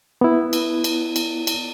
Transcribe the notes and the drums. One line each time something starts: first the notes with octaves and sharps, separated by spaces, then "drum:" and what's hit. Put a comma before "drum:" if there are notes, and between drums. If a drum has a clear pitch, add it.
B3 E4
drum: cymbal
drum: cymbal
drum: cymbal
drum: cymbal